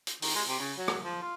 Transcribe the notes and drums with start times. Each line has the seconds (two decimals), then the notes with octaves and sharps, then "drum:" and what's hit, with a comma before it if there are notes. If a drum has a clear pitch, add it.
0.07 drum: hi-hat
0.22 D#3, drum: open hi-hat
0.35 G#3
0.48 C3
0.60 C#3
0.78 F#3
0.88 drum: rim click
1.04 F3
1.22 F4